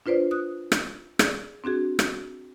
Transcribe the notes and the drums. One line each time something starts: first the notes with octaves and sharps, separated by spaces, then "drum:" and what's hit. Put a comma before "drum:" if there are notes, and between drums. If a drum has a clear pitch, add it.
D4 F4 B4 C5 D5
D#6 F#6
drum: rim click
G#4 D5, drum: rim click
C4 D4 F#4 G#4
drum: rim click